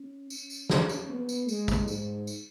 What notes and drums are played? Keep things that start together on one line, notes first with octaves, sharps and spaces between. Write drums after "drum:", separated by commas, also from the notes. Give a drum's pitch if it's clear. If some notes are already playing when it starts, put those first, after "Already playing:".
Already playing: C#4
C#4, drum: tambourine
drum: tambourine
drum: snare
drum: tambourine
B3
drum: tambourine
G#3, drum: tambourine
drum: kick, tambourine
G#2, drum: tambourine
drum: tambourine